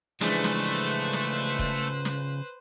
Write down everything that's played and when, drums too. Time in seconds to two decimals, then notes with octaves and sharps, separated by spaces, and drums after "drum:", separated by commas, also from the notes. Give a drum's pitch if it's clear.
0.21 C#3 E3 F3 G#3 A3 D4 B4 C5, drum: snare
0.44 drum: snare
1.13 drum: snare
1.59 drum: kick
2.05 drum: snare